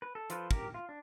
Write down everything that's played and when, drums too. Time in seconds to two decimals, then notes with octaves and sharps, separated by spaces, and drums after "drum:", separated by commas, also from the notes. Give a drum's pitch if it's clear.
0.02 B4
0.15 A4
0.30 F3 F4 A4 B4 C5, drum: hi-hat
0.51 G4 A#4, drum: kick
0.74 F4
0.89 D4